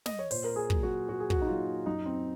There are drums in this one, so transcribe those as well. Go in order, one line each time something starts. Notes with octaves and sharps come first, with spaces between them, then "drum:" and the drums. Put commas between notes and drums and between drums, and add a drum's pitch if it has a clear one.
D#5, drum: snare
C#5
A#2 C5, drum: open hi-hat
A#4
G#4
F#3 A#3, drum: kick
F#4
A#2 F#4
G#4
F#4, drum: kick
D#4
F#3 A#3 F4
F#2 D#4
C4